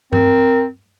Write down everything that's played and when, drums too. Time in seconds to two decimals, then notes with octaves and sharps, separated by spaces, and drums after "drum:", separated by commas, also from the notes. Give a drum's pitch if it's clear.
0.13 C4 A#4, drum: tom G2